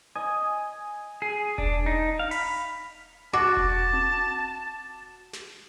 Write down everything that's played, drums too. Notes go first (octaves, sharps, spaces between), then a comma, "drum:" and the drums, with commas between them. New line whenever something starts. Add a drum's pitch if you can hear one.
D#5 G#5
G#4
D4, drum: kick E1
D#4
F5
B5, drum: open hi-hat
F#4 A5 D6
drum: kick E1
drum: tom C4
drum: snare